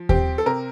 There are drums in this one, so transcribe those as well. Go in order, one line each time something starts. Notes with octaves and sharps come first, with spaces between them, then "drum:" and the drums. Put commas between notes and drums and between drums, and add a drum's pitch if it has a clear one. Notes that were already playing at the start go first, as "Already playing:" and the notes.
Already playing: F3
C4 G4, drum: kick D#2
A4
C3 A#4